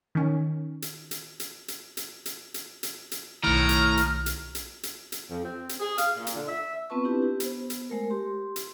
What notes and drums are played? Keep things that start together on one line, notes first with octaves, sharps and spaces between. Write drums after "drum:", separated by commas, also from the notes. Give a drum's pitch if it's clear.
D#3 C#4
drum: hi-hat
drum: hi-hat
drum: hi-hat
drum: hi-hat
drum: hi-hat
drum: hi-hat
drum: hi-hat
drum: hi-hat
drum: hi-hat
B1 A2 D#3 A#5 F6
drum: hi-hat
drum: hi-hat
drum: hi-hat
drum: hi-hat
drum: hi-hat
drum: hi-hat
F2
C4
drum: hi-hat
G#4
F5, drum: hi-hat
A#2
drum: hi-hat
D3
E5
B3 C4 F4 B4 A5 C#6
C4 D4 E4 G4 B4
G4
B3 C5, drum: hi-hat
drum: hi-hat
G#3 A3 A#4
G4 C6
drum: hi-hat